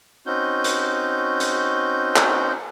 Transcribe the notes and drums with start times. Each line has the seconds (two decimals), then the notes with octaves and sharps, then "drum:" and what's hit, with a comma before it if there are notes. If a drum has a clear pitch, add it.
0.26 C4 C#4 D#4 F#4 G6
0.64 drum: hi-hat
1.40 drum: hi-hat
2.16 drum: clap